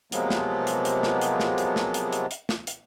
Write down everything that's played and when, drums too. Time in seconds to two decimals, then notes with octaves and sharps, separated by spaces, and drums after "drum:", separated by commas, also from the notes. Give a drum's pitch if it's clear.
0.12 C3 F3 F#3 G#3 A#3 B3, drum: hi-hat
0.30 drum: snare
0.67 drum: hi-hat
0.85 drum: hi-hat
1.03 drum: snare
1.21 drum: hi-hat
1.40 drum: snare
1.58 drum: hi-hat
1.76 drum: snare
1.94 drum: hi-hat
2.13 drum: hi-hat
2.31 drum: hi-hat
2.49 drum: snare
2.67 drum: hi-hat